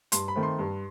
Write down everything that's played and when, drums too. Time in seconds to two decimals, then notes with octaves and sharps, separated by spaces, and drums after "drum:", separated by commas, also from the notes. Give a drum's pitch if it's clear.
0.12 G2 C6, drum: hi-hat
0.28 B5
0.36 D#3 A3 C4
0.43 C6
0.59 G2